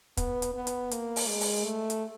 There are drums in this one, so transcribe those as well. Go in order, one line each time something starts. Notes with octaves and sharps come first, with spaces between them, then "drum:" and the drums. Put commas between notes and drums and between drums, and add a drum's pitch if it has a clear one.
B3, drum: kick, hi-hat
drum: hi-hat
B3
drum: hi-hat
A#3, drum: hi-hat
drum: open hi-hat
G#3
drum: open hi-hat
A3
drum: hi-hat